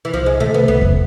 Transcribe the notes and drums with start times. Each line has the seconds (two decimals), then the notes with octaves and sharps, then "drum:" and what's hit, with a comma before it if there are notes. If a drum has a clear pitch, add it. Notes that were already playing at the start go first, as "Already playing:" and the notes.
0.05 E3
0.13 C2 F3
0.26 G#3
0.40 C3 D#3 A3
0.54 B3
0.68 C2 B3
0.81 drum: kick E2